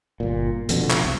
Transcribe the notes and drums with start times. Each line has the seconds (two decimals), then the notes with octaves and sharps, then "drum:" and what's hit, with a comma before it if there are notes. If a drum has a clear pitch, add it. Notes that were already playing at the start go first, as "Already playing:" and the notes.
0.20 G1 A#2
0.69 F1 F2 B2 D3, drum: hi-hat
0.90 drum: clap
1.04 C2